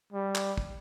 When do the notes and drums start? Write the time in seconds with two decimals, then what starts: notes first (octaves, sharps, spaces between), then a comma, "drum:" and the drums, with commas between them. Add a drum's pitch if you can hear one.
0.13 G3
0.35 drum: clap
0.58 drum: kick